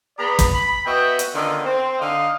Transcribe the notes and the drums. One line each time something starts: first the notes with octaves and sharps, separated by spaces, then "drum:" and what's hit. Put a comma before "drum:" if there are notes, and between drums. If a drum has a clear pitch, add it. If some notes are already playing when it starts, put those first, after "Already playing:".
B3 G#4 D5 A#5 B5
drum: kick, hi-hat
B5
B3 F#4 D#5 E5 G5
drum: hi-hat
D3 D#3 B3 C#4 D#4 F4
C4
D3 D#4 D#5 F5